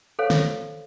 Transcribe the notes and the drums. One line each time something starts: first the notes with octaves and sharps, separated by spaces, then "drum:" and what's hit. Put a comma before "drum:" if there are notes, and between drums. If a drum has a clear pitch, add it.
A4 C5 C#5 F5
drum: snare